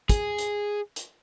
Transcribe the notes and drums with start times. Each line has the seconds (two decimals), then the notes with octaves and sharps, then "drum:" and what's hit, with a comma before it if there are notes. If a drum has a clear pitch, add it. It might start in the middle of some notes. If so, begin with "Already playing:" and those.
0.09 G#4, drum: kick, hi-hat
0.38 drum: hi-hat
0.96 drum: hi-hat